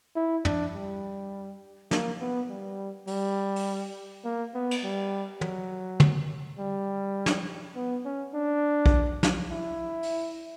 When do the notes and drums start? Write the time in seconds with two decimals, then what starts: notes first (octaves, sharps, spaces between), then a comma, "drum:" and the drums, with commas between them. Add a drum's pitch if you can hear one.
0.16 E4
0.45 D4, drum: tom
0.74 G3
1.91 A#3, drum: snare
2.20 B3
2.49 G3
3.07 G3, drum: open hi-hat
3.56 drum: open hi-hat
4.24 A#3
4.54 B3
4.71 drum: cymbal
4.83 G3
5.41 F#3, drum: tom
6.00 drum: tom
6.58 G3
7.26 drum: snare
7.75 B3
8.05 C#4
8.34 D4
8.86 drum: kick B1
9.23 drum: snare
9.50 E4
10.03 drum: open hi-hat